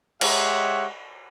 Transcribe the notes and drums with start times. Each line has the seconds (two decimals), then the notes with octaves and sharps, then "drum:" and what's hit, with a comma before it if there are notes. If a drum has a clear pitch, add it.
0.21 G#3 G4 C#5 E5 F#5, drum: cymbal